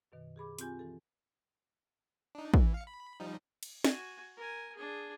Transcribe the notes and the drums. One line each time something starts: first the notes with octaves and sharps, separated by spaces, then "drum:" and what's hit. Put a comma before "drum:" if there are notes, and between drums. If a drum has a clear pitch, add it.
F#2 B2 D#3
G4 G#4 B5 D6
C4 F4 G4 G#5, drum: hi-hat
E3 G4 A4
D4 D#4
E3, drum: kick
F5 C#7
B5
F3 G3 D#4
drum: cymbal
F#4 G#5, drum: snare
A#4 G#5
D4 G#4